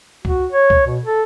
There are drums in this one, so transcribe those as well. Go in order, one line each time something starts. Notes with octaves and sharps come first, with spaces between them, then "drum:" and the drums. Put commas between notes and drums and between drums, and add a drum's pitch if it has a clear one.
F#4, drum: kick C#2
C#5
drum: kick C#2
B2
A4